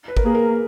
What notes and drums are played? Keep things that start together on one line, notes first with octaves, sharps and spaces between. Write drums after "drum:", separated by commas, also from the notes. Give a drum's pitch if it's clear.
B4
A#4, drum: kick G#1
A#3 G#4
A#4